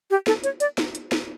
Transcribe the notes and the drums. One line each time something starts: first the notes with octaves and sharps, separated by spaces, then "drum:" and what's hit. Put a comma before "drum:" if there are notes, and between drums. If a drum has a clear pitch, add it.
G4
A4, drum: snare
C#5, drum: hi-hat
D5, drum: hi-hat
drum: snare
drum: hi-hat
drum: snare